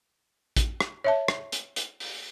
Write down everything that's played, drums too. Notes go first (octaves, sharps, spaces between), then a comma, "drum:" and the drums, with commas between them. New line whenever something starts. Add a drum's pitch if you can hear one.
drum: kick A1, hi-hat
drum: rim click
C#5 E5 A5
drum: rim click
drum: hi-hat
drum: hi-hat
drum: open hi-hat